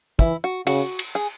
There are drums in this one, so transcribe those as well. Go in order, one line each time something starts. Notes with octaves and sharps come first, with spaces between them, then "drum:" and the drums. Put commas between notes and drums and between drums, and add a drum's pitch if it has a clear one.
E3 E4, drum: kick
F#4
C#3 F#4, drum: cymbal
drum: cymbal
G#4